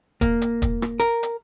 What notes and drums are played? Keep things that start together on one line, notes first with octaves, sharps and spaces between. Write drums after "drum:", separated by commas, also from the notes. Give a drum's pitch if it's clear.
A#3, drum: kick, hi-hat
drum: hi-hat
drum: kick, hi-hat
drum: rim click
A#4, drum: hi-hat
drum: hi-hat